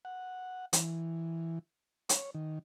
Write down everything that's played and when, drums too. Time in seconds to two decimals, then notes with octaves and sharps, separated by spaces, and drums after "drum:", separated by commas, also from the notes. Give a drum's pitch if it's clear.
0.05 F#5
0.73 E3, drum: hi-hat
2.09 C#5, drum: hi-hat
2.35 D#3